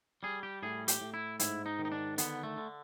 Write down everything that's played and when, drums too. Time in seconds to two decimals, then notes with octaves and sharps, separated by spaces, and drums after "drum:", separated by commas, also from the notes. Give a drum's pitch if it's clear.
0.23 G3 G#4
0.43 G4
0.63 A2 G#4
0.88 G4, drum: hi-hat
1.01 A2
1.14 E4
1.40 G#2 E4, drum: hi-hat
1.66 D#4
1.79 D#3
1.85 D#4
1.92 D4
2.18 D3 B3, drum: hi-hat
2.43 A3
2.57 D3